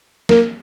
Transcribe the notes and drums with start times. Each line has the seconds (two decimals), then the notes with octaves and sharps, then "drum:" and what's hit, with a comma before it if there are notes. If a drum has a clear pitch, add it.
0.29 A#3, drum: snare